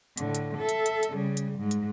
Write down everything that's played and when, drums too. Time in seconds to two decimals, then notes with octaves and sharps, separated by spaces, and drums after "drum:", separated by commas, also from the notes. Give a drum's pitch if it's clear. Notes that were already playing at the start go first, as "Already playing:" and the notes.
0.17 A2 D3, drum: hi-hat
0.35 drum: hi-hat
0.58 A4 E5
0.69 drum: hi-hat
0.86 drum: hi-hat
1.03 drum: hi-hat
1.13 C#3 G3
1.37 drum: hi-hat
1.59 G#2
1.71 drum: hi-hat